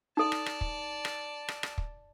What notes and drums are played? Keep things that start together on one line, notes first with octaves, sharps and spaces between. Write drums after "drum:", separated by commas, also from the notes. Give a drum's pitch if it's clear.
D#4 A4 D5 A5
drum: rim click
drum: rim click
drum: kick
drum: rim click
drum: rim click
drum: rim click
drum: kick